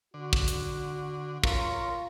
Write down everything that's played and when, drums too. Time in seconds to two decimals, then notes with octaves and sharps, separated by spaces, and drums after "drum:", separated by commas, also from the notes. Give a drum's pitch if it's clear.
0.14 D3 F#4
0.33 drum: kick
0.48 drum: hi-hat
1.44 F4 A#4 C#5, drum: kick